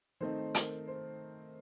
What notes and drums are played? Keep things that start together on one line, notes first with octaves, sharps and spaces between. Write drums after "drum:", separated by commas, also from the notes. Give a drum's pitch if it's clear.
D#3 A3 C4 D#4 C5
A#4, drum: hi-hat
C5